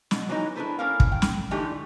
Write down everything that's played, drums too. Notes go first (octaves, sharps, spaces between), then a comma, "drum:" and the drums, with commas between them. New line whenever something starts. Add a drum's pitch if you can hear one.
B2, drum: snare
E3 F#3 G#3 A#3 B3 D#4
D4 E4 G#4 A4 B4 C5
A#3 C#4 E4 A4 A#4 F5
drum: kick
G5
drum: snare
D3 E3 G#3 A3 D#4 G4